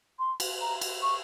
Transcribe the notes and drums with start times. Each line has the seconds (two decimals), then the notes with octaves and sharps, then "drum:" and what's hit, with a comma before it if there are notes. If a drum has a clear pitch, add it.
0.19 C6
0.40 drum: cymbal
0.61 A#5
0.81 drum: cymbal
1.02 C#6